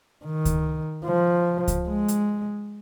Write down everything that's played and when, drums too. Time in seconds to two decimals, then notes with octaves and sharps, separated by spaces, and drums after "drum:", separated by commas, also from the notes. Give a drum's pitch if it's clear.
0.25 D#3
0.45 drum: kick C#2, hi-hat
1.06 F3
1.68 drum: kick C#2, hi-hat
1.89 G#3
2.08 drum: hi-hat